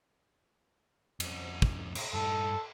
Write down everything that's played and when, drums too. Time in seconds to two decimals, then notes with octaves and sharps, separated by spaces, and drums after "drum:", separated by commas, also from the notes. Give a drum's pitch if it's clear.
1.20 F2 C#4, drum: cymbal
1.62 drum: kick
1.95 drum: cymbal
2.14 G2 D#4 A4